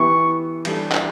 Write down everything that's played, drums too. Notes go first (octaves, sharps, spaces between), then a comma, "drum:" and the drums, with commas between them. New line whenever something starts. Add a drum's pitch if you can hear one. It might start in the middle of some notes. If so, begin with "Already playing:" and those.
Already playing: E3 B3 E4 G4 C#6
E3 G3 D4 A4, drum: cymbal
drum: clap